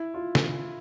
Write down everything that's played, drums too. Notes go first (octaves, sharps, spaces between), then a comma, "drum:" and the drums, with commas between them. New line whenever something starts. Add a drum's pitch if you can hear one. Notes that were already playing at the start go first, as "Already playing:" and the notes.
Already playing: E4
F4
drum: snare